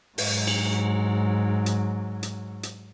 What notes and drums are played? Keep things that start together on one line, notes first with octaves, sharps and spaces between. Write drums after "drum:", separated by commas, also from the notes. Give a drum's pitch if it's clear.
G#2 F#3, drum: open hi-hat
drum: cymbal
drum: hi-hat
drum: hi-hat
drum: hi-hat